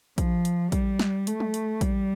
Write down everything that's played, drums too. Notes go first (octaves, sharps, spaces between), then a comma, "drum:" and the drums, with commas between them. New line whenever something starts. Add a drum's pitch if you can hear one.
F3, drum: kick, hi-hat
drum: hi-hat
G3, drum: kick, hi-hat
drum: snare
A3, drum: hi-hat
drum: tom
drum: hi-hat
G3, drum: kick, hi-hat